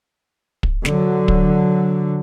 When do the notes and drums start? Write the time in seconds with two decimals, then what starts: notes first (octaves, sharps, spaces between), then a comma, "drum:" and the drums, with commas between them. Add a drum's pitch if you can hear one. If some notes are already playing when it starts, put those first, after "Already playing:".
0.63 drum: kick
0.85 D3 F#3, drum: snare
1.28 drum: kick